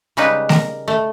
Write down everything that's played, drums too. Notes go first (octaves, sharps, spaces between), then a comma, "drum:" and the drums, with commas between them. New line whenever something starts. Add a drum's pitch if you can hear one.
C#3 G3 G#3 C#4 D#4 B4
A#4, drum: snare A3
A3